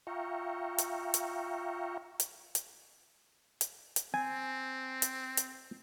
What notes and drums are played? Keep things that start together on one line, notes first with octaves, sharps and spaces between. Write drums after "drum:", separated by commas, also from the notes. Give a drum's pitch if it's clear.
F4 E5 F5 G5 A#5 C#6
drum: hi-hat
drum: hi-hat
drum: hi-hat
drum: hi-hat
drum: hi-hat
drum: hi-hat
C4 G#5
drum: hi-hat
drum: hi-hat